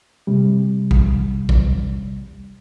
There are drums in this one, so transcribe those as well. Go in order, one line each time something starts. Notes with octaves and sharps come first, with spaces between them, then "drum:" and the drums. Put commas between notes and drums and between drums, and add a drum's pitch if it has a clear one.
C3 G3
drum: kick
drum: kick